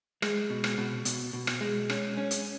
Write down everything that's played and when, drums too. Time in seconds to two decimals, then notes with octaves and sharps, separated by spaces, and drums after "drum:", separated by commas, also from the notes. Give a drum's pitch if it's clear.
0.22 G#3, drum: rim click
0.50 B2
0.64 drum: rim click
0.78 B2
1.05 B2, drum: hi-hat
1.33 B2
1.47 drum: rim click
1.61 G#3
1.90 C#4, drum: rim click
2.17 C#4
2.31 drum: hi-hat